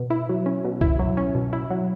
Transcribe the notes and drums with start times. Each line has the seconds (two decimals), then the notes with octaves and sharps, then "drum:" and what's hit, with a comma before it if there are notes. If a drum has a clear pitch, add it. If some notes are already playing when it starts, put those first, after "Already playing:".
Already playing: B2
0.10 E4
0.29 F#3
0.46 C#4
0.65 B2
0.81 E4, drum: kick C2
0.99 F#3
1.17 C#4
1.35 B2
1.53 E4
1.70 F#3